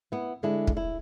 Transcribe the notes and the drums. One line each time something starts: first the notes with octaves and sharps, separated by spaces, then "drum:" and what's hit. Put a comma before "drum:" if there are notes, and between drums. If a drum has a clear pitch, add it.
B3 E4
D3 G#3 E4
drum: kick
E4